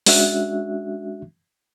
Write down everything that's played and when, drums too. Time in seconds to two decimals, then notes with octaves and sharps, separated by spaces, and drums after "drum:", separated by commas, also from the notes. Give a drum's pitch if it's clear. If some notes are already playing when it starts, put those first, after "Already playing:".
0.06 G#3 C#4 D4 F#4 E5 F#6, drum: open hi-hat